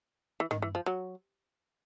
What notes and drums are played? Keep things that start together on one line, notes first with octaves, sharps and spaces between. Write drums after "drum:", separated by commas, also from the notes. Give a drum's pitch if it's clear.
E3
D#3, drum: tom
E3
F3
F#3